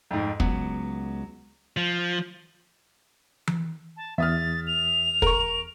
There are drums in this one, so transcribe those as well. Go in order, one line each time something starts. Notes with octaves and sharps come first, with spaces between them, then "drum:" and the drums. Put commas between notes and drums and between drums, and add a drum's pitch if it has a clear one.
F2 G#2
C#2 F#3 B3, drum: kick
F3
drum: tom E3
A5
E2 E5 D#6 F6 A6
F7
A#4 C#6, drum: kick